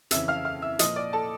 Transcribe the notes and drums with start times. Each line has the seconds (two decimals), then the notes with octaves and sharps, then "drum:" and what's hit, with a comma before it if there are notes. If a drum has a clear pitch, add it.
0.11 F2 C#3 E3 E5 E6, drum: hi-hat
0.28 F5 F6
0.45 F5 F6
0.62 E5 E6
0.79 A#2 F3 D#5 D#6, drum: hi-hat
0.96 D5 D6
1.13 A4 A5